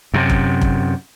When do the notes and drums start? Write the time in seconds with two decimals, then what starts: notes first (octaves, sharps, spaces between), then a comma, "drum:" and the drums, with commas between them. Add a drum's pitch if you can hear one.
0.14 F#2 C3
0.30 drum: kick F1
0.62 drum: kick F1